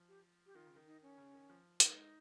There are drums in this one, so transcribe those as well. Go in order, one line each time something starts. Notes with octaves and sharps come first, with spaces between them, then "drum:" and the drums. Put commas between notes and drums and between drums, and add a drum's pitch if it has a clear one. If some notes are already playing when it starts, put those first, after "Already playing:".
Already playing: F3
G4
G4
D#3 F4
C#3
D#3
D#4
C#4
C#3
D#3
F3
G#3 D#4, drum: hi-hat
G#3